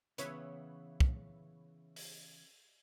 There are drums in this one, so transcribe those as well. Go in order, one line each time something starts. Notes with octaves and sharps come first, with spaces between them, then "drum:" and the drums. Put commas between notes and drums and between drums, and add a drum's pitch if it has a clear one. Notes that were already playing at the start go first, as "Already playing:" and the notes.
C#3 E3 B3 B4 C#5 E5, drum: hi-hat
drum: kick
drum: open hi-hat